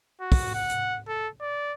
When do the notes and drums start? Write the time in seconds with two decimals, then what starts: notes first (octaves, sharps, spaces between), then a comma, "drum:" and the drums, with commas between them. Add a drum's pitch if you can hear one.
0.21 F#4
0.32 drum: kick, open hi-hat
0.54 F#5
0.70 drum: hi-hat
1.08 A4
1.41 D5